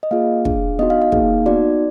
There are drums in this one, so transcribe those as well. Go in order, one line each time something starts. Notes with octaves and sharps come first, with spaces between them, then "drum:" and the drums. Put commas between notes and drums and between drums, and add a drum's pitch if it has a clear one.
D#5
A#3 F4 G#4 F5
D4 G#4, drum: kick
B3 D#4 F#4 D#5
F5
F5
A#3 D#4 G#4, drum: kick
B3 D#4 F#4 D5